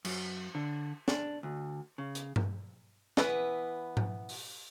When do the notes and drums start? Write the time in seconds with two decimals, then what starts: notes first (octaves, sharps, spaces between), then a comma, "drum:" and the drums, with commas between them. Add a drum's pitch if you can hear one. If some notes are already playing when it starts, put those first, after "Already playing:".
0.05 F#2, drum: cymbal
0.55 D3
1.08 D4, drum: snare
1.43 D2
1.98 C#3
2.15 drum: hi-hat
2.36 drum: tom G2
3.17 E3 B3 B4, drum: snare
3.97 drum: tom G#2
4.29 drum: open hi-hat